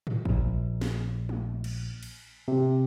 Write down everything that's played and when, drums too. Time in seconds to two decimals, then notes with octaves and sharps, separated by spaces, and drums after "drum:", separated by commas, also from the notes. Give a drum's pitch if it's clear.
0.07 drum: tom G#2
0.25 A#1, drum: kick
0.81 drum: snare
1.29 drum: tom G#3
1.64 drum: cymbal
2.03 drum: cymbal
2.48 C3